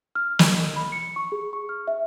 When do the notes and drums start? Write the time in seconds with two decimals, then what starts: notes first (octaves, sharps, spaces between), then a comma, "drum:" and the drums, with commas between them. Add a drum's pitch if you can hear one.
0.15 F6
0.39 D#5, drum: snare
0.76 B5
0.92 C#7
1.16 C#6
1.32 G#4
1.53 C#6
1.69 F6
1.88 E5